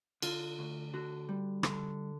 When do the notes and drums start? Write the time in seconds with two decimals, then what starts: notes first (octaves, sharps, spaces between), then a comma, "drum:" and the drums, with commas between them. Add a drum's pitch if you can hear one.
0.22 D3 F4, drum: cymbal
0.59 D2
0.94 D3 F#4
1.29 G3
1.63 D3, drum: rim click